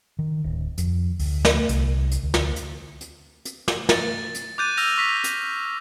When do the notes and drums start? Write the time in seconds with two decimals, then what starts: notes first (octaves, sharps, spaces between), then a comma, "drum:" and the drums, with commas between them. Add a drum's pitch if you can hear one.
0.19 D#3
0.44 D1
0.78 F2, drum: hi-hat
1.19 D2, drum: open hi-hat
1.45 drum: snare
1.69 C2, drum: hi-hat
2.12 drum: hi-hat
2.23 D2
2.34 drum: snare
2.56 drum: hi-hat
3.01 drum: hi-hat
3.45 drum: hi-hat
3.68 drum: snare
3.89 A6, drum: snare
4.35 drum: hi-hat
4.58 D6 F#6 G6 A6 D#7
4.77 E6 F6 G6 A#6 D#7 F7, drum: open hi-hat
4.98 C#6 A#6 B6
5.24 drum: hi-hat